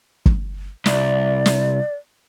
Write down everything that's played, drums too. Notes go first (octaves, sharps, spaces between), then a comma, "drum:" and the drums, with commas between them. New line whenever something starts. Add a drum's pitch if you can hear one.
drum: kick
C2 D5, drum: snare
drum: snare